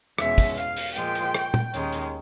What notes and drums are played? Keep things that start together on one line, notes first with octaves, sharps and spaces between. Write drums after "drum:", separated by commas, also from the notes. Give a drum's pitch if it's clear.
E2 B2 G#3 C#4 E5, drum: rim click
drum: kick, open hi-hat
F5, drum: hi-hat
drum: open hi-hat
A#2 F3 G#3 G5, drum: hi-hat
drum: hi-hat
drum: rim click
drum: tom
D#2 D#3 G#3 C#4, drum: hi-hat
drum: hi-hat